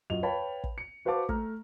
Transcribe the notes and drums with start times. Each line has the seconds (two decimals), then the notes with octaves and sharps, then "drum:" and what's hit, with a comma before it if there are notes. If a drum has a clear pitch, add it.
0.10 F#2 F4 F#4 D#5 F7
0.23 B4 C#5 F5 G5 A5 B5
0.64 drum: kick
0.78 C#7
1.05 F#4 B4 C5 F5 A5 D6
1.29 A3 A#5 F6, drum: kick